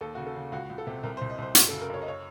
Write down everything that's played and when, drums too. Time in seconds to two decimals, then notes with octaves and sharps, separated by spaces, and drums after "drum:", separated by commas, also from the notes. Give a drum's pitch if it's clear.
0.01 D#2 A4
0.15 C#3 F#4
0.27 A4
0.36 C#3
0.52 C#2 F#4
0.70 C#2
0.78 A4
0.87 C3
1.03 C2 A#4
1.17 C5
1.21 C2
1.30 D#5
1.38 C2 C5
1.55 F#2 F#4, drum: hi-hat
1.69 A4
1.72 C#3
1.81 A#4
1.90 F#2 C#5
2.02 D#5
2.08 C#5